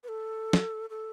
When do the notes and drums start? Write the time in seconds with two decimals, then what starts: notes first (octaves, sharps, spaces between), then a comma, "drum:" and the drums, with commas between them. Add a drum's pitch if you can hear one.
0.04 B4
0.08 A4
0.53 drum: snare
0.90 A4